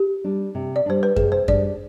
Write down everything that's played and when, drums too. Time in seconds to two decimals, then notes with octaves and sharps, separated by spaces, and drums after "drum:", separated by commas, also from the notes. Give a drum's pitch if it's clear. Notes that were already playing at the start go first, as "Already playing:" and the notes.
Already playing: G4
0.24 G3 D4
0.55 C3
0.76 D5
0.86 G3 D4 C5
1.03 B4
1.16 C3 G#4, drum: kick F#2
1.32 C5
1.48 G3 D4 D5, drum: kick F#2